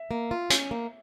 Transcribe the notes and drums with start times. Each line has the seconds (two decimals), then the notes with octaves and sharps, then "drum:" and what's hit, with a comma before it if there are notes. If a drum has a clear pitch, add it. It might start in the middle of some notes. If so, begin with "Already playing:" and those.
Already playing: E5
0.11 A#3
0.31 F4
0.50 C#4, drum: hi-hat
0.71 A#3